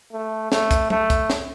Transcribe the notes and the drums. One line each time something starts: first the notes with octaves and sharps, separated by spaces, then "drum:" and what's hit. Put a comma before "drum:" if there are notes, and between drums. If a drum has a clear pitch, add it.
A3
A3, drum: snare
drum: kick, hi-hat
A3, drum: tom F#3
drum: kick, hi-hat
drum: snare